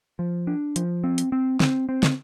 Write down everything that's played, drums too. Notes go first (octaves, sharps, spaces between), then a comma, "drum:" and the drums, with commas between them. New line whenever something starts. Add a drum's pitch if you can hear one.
F3
D4
F3, drum: hi-hat
C4
drum: hi-hat
C4
C4, drum: snare
C4
drum: snare